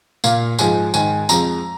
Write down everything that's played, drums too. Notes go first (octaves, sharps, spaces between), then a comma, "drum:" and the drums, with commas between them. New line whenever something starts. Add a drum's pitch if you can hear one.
A#2 A#3 F5, drum: tambourine
G#2 F3 G#3 G#5, drum: tambourine
G#2 D#3 G#3 G#5, drum: tambourine
F2 F3 G#3 A#5, drum: tambourine